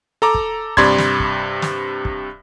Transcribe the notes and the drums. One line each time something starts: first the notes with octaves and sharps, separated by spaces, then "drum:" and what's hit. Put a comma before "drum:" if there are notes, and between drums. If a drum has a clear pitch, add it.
A4 A#5 D6
drum: kick
G2 C3 D5 B5 C6 G#6, drum: kick
drum: snare
drum: kick
drum: snare
drum: kick